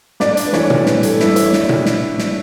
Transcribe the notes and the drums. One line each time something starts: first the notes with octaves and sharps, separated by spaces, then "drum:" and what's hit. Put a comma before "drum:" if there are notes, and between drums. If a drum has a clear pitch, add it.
D4 D5, drum: snare
drum: hi-hat
B4
E3 C#5, drum: snare
drum: tom A#2
G2 B4, drum: snare
A4, drum: hi-hat
E4 B4, drum: snare
C#5, drum: hi-hat
D4, drum: snare
drum: tom A#2
drum: snare
drum: snare